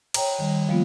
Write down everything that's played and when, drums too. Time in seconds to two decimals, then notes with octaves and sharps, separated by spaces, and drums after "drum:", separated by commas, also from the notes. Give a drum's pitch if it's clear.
0.14 C#5 G5 A#5, drum: cymbal
0.39 D#3 G3
0.69 F3 G3 A#3 B3 F4